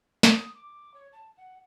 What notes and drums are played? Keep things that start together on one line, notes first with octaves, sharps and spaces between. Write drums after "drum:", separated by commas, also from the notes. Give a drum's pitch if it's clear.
D#6, drum: snare
D6
C#5
A5
F#5